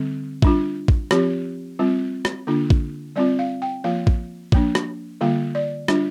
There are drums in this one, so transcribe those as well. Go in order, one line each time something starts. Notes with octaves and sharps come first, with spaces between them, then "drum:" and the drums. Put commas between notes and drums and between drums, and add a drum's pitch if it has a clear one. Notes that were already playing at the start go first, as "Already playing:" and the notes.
Already playing: D3 G3 C4
G3 D4 F4, drum: kick A1
drum: kick A1
F3 C4 F4 G4, drum: rim click
G3 C4 F4
drum: rim click
D3 A#3 D4 F4
drum: kick A1
G3 C4 F4 D5
F5
G5
F3 A#3 F4 F5
drum: kick A1
F3 A#3 D4, drum: kick A1
drum: rim click
D3 G3 A#3 F4 F5
D5
G3 D4 F4, drum: rim click